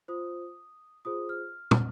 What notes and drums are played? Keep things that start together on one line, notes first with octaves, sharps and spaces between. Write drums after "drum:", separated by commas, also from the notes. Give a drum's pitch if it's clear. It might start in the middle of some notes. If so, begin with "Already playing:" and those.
F4 C5 D#6
F4 G#4 C5 D#6
F6
drum: tom